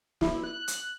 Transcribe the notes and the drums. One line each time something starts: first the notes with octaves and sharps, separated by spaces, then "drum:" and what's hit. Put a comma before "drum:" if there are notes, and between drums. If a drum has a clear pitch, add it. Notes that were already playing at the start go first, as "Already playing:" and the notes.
E4, drum: snare
F#6
drum: hi-hat